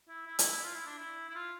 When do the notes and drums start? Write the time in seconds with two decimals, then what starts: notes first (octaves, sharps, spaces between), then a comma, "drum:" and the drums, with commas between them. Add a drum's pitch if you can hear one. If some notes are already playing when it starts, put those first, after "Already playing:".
0.09 E4
0.26 E4
0.39 E4, drum: hi-hat
0.50 E4
0.63 F4
0.75 E4
0.86 D4
0.99 E4
1.29 E4
1.35 F4